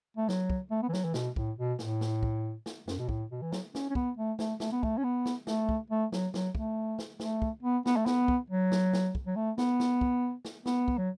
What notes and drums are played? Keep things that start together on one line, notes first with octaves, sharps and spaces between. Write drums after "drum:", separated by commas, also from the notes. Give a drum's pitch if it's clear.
A3
F#3, drum: snare
drum: kick
A3
B3
E3
F#3, drum: snare
E3
B2, drum: snare
A2, drum: kick
B2
A2, drum: snare
drum: snare
drum: kick
drum: snare
F#2, drum: snare
B2
A2, drum: kick
B2
E3
F#3, drum: snare
C#4, drum: snare
C#4
B3, drum: kick
A3
A3, drum: snare
A3, drum: snare
B3
A3, drum: kick
C#4
B3
drum: snare
A3, drum: snare
drum: kick
A3
F#3, drum: snare
F#3, drum: snare
A3, drum: kick
drum: snare
A3, drum: snare
drum: kick
B3
B3, drum: snare
A3
B3, drum: snare
drum: kick
F#3
drum: snare
drum: snare
drum: kick
F#3
A3
B3, drum: snare
drum: snare
drum: kick
drum: snare
B3, drum: snare
drum: kick
F#3